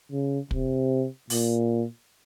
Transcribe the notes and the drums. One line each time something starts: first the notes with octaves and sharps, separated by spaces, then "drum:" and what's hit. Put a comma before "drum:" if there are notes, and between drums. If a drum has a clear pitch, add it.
C#3
C3, drum: kick
A#2, drum: open hi-hat